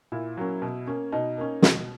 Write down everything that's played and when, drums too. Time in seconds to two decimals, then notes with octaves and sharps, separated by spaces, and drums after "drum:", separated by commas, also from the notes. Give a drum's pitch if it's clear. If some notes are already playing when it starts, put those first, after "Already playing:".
0.12 A#2 E4
0.37 F#3 A#3 C#4
0.62 B2
0.87 A#3 C#4
1.12 B2 D#4
1.37 A#3 C#4
1.62 B2, drum: snare